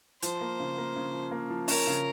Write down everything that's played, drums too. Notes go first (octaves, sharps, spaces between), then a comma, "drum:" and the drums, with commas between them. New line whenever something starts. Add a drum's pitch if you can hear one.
F3 C5, drum: hi-hat
A#3
C#3
A#3
C#3
F3
A#3
F3
C#4 A#4, drum: open hi-hat
C#3